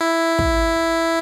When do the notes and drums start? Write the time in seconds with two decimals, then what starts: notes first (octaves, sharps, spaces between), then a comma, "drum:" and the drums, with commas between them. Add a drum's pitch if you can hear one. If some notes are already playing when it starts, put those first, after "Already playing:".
0.01 E4
0.39 drum: kick